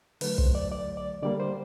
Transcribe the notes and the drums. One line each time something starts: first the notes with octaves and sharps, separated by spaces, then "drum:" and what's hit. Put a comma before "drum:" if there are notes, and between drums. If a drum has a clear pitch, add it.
D3 F#3 A3 B4, drum: open hi-hat
C5, drum: kick
D5
D5
D5
D3 G3 A#3 D5
C5